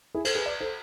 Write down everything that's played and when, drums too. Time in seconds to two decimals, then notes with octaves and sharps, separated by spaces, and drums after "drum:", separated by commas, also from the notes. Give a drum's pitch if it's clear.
0.15 E4 G#4
0.25 A4 C5, drum: cymbal
0.35 G#4 B4
0.46 B4 D5
0.60 A4 C5